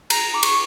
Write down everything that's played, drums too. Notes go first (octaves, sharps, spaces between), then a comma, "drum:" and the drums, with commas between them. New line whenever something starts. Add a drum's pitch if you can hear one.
A#5, drum: cymbal
D6
C#6, drum: cymbal